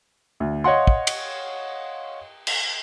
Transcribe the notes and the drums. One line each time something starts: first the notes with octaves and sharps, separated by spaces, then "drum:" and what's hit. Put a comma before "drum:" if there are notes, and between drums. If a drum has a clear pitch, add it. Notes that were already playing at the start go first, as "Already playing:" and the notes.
D2
C#5 D#5 F5 F#5 C6
drum: kick
drum: cymbal
drum: cymbal